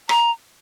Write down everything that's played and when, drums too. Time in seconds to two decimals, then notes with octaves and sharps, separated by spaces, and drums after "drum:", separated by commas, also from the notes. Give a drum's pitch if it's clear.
0.09 A#5, drum: rim click